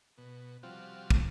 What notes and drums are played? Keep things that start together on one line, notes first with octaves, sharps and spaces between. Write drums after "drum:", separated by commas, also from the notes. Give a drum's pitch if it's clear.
B2
C3 F3 G3 C4 F4 F#4
drum: kick